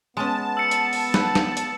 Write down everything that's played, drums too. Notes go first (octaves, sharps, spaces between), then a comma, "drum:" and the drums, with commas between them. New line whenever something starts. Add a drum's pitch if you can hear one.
G#3 B3 C#4 A5
E6 C#7
drum: hi-hat
drum: open hi-hat
B4, drum: snare
drum: snare
drum: hi-hat